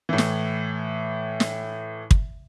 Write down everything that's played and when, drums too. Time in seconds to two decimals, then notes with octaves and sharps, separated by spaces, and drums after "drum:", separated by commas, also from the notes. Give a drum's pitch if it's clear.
0.09 A2 E3
0.18 drum: snare
1.40 drum: snare
2.11 drum: kick